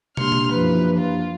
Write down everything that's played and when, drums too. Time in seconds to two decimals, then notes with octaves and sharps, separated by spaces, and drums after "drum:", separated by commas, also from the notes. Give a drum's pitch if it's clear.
0.17 A#3 D4 G4 C6 F6, drum: tom
0.32 drum: tom B2
0.52 F#2 E3 F3 B4
0.98 F4